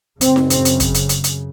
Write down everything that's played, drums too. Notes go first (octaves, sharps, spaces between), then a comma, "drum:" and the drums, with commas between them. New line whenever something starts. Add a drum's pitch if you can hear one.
F#2 C#3 C4, drum: hi-hat
drum: snare D#4
C4, drum: hi-hat
drum: hi-hat
drum: kick, hi-hat
drum: hi-hat
drum: hi-hat
drum: hi-hat